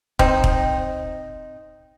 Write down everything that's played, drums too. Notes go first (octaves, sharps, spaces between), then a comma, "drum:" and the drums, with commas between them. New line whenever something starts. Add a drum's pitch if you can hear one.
C4 D#4, drum: kick
drum: kick